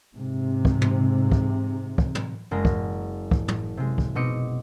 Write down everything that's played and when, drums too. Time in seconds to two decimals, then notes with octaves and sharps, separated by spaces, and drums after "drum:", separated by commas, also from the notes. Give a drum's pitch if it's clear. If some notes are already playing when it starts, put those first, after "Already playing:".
0.15 G#2 C3
0.65 drum: kick
0.82 drum: tom
1.32 drum: kick
1.98 drum: kick
2.15 drum: tom
2.51 F#1 G#3 A#5
2.65 drum: kick
3.31 drum: kick
3.48 drum: tom
3.77 C3 G#3
3.98 drum: kick
4.15 B2 C4 D#4 D6 D#6 C#7